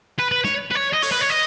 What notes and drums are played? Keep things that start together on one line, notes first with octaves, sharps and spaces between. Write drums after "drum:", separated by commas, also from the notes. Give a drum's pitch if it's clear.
B4
B4
C#5, drum: snare
B4
C#5
D#5
C#5, drum: open hi-hat
B4
C#5
D#5